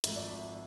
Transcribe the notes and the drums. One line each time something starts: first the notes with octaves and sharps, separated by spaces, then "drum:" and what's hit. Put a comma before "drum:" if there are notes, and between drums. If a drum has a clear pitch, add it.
G#1 G#2 F3 A3 E5, drum: hi-hat
D5
E5